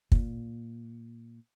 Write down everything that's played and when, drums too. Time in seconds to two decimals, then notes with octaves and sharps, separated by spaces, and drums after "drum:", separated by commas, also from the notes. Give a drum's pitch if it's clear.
0.12 A#2, drum: kick